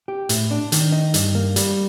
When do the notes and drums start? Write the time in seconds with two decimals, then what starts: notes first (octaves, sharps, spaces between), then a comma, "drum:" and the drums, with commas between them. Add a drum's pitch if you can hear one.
0.08 G4
0.29 A2, drum: hi-hat
0.51 D4
0.72 D#3, drum: hi-hat
0.92 D#4
1.14 G2, drum: hi-hat
1.35 A#3
1.56 G3, drum: hi-hat